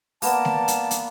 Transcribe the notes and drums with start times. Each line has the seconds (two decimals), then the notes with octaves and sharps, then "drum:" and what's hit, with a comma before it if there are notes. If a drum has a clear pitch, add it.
0.22 A#3 B3 D5 A5, drum: open hi-hat
0.45 drum: snare A3
0.68 drum: hi-hat
0.91 drum: hi-hat